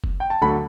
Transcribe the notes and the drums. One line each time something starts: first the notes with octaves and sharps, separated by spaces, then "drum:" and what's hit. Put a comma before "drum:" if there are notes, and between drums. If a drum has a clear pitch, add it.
drum: kick F#1
G5
A5
D2 D3 F#3 A3 B5